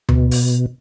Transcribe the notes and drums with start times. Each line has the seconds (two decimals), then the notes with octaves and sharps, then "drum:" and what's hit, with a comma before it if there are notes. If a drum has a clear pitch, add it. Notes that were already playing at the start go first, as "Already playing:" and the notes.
0.09 B2, drum: tom D2
0.31 drum: open hi-hat